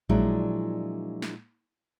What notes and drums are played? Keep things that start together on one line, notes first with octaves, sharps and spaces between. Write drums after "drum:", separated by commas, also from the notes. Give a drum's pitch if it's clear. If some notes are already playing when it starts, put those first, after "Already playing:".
A#2 F3 F#3 G#3 D4 E4, drum: kick A#1
drum: snare